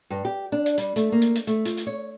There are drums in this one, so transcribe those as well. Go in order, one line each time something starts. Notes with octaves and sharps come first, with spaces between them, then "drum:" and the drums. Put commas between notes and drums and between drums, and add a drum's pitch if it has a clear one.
G2
G4
D4
drum: hi-hat
G3, drum: hi-hat
A3, drum: hi-hat
A#3
drum: hi-hat
drum: hi-hat
A3, drum: hi-hat
F4, drum: hi-hat
drum: hi-hat
C#5